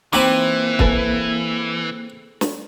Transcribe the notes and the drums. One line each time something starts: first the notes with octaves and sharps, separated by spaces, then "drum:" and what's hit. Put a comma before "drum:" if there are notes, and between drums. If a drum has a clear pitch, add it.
E3 A#3 C4 D#4 G4 B5 D6
G#4 A4 B4, drum: kick
drum: snare